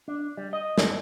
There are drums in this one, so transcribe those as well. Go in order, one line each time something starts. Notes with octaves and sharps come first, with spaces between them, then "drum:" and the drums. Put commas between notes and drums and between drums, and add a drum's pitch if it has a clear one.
D4
G3
D#5
drum: snare